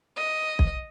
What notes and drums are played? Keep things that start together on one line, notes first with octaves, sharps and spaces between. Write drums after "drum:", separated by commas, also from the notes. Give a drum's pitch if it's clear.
D#5
drum: kick B1